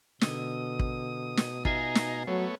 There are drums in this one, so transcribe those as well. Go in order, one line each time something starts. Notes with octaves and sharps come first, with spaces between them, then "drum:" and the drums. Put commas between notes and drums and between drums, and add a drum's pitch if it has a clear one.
B2 D3 D#6, drum: snare
drum: kick
drum: snare
D#4 F4 G#4 E5 G#5 A#5, drum: kick
drum: snare
F#3 A3 B3 C#5